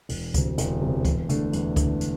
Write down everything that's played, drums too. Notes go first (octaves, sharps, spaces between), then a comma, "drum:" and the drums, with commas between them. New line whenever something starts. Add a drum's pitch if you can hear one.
E1, drum: open hi-hat
D2 C3, drum: kick C#2, hi-hat
E1, drum: hi-hat
D2 C3
E2, drum: kick C#2, hi-hat
D3 A3 D4, drum: hi-hat
E2, drum: hi-hat
D3 A3 D4, drum: kick C#2, hi-hat
drum: hi-hat